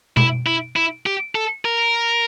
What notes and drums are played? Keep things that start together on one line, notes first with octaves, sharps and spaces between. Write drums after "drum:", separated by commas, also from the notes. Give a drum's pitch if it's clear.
E4, drum: tom B2
E4
E4
G4
A4
A#4